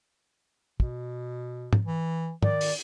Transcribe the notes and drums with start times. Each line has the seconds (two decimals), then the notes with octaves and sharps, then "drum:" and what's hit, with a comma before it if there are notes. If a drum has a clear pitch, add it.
0.80 B2, drum: kick
1.73 drum: tom
1.85 E3
2.43 D#3 D5, drum: tom
2.61 drum: open hi-hat